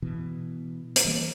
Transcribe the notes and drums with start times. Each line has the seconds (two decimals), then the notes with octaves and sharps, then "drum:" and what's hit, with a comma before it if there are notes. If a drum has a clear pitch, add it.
0.02 B2 E3
0.96 drum: hi-hat
1.05 D#3 E3 G3 A#3